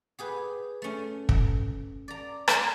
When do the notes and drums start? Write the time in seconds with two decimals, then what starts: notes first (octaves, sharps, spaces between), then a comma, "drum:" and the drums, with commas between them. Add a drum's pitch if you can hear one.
0.19 G4 G#4 B4
0.82 A3 C#4
1.29 drum: kick
2.08 D5 A#5
2.48 drum: rim click